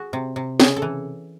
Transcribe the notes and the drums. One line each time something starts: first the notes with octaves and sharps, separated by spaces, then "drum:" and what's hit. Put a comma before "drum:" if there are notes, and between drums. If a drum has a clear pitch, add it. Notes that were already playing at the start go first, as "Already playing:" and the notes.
Already playing: F#4 G#4
C3
C3
C#3 G#4, drum: snare
A4
E3